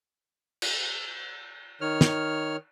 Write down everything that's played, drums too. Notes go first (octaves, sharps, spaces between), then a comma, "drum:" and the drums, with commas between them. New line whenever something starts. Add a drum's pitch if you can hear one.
drum: cymbal
D#3 C#5 F6
drum: snare